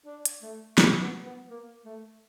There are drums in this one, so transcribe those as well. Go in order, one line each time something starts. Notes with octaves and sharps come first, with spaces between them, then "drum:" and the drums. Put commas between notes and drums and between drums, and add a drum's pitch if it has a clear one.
D4
drum: hi-hat
A3
A#3, drum: snare
B3
B3
A#3
A3